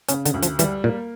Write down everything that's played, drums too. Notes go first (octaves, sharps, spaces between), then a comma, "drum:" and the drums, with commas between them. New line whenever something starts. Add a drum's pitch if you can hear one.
C#3 C#4, drum: hi-hat
D3, drum: hi-hat
D2
F3, drum: hi-hat
E3 G3, drum: hi-hat
A#2 A#3